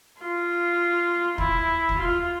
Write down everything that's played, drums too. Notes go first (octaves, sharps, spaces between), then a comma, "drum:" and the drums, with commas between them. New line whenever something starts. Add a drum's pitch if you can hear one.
F4
E4, drum: kick
drum: kick
F4